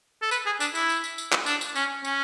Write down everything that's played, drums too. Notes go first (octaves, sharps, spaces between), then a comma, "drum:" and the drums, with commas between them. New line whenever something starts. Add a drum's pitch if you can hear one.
A4
B4, drum: tambourine
G#4
D4, drum: tambourine
E4, drum: tambourine
drum: tambourine
drum: tambourine
drum: tambourine
drum: clap
D4, drum: tambourine
drum: tambourine
C#4, drum: tambourine
C#4, drum: tambourine